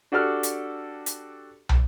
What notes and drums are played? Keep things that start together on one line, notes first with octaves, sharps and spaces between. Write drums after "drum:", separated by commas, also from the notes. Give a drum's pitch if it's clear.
D4 F#4 G4 A4 F6 F#6
drum: hi-hat
drum: hi-hat
drum: tom